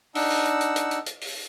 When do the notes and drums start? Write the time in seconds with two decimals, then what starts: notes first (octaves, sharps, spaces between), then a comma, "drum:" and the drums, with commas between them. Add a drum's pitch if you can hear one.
0.15 D4 D#4 F#5 E6, drum: open hi-hat
0.30 drum: open hi-hat
0.45 drum: hi-hat
0.61 drum: hi-hat
0.76 drum: hi-hat
0.91 drum: hi-hat
1.06 drum: hi-hat
1.21 drum: open hi-hat